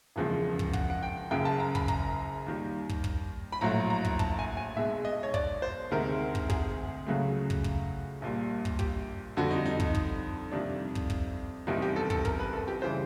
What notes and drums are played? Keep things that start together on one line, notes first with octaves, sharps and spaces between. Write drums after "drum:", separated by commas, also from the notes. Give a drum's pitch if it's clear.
E1 E2 C#3 F3 G#3
drum: kick
F#5, drum: kick
F#5
G5
F#1 F#2 C#3 G5
A5
A#5
B5, drum: kick
A#5, drum: kick
D#2 D#3 G3
drum: kick
drum: kick
B5
A#1 A2 F#3 A3 A#5
A#5
drum: kick
A5, drum: kick
G#5
G#5
B1 B2 G#3 E5
D#5
C#5
D5, drum: kick
C5
D2 C3 D#3 G#3 A#4
drum: kick
G#4, drum: kick
C#2 C#3 F#3 A3
drum: kick
drum: kick
A#1 A#2 G3
drum: kick
G4, drum: kick
F2 D3 G3 F#4
D#4
D#4
D#4, drum: kick
drum: kick
F2 C3 D#3 G3 D4
drum: kick
drum: kick
F#1 E2 C3 D#3 G3 D#4
G4
A4
A4, drum: kick
A#4, drum: kick
B4
A4
G4
C#3 E3 G3 C5